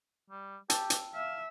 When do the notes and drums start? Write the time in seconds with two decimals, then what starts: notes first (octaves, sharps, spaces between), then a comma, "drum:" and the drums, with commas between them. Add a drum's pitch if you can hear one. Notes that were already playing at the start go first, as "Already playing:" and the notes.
0.30 G3
0.70 G4 G5 A5 E6, drum: hi-hat
0.90 drum: hi-hat
1.15 E5 F5